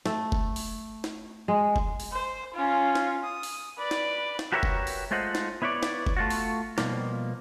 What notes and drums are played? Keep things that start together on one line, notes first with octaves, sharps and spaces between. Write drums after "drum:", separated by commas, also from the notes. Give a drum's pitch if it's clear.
A3, drum: snare
drum: kick F1
drum: open hi-hat
drum: snare
G#3
drum: kick F1
drum: open hi-hat
C5
C#4 F4
drum: snare
D#6
drum: open hi-hat
B4 D5
drum: snare
drum: snare
F#4 G4 A#4 B4 C#5 E5
drum: kick F1
drum: open hi-hat
G#3 A3 F4 C5 D#5 F#5
drum: snare
B3 E4 B4 C#5 D5
drum: snare
drum: kick F1
A3 F4 F#4
drum: open hi-hat
B2 F3 G3 A#3, drum: snare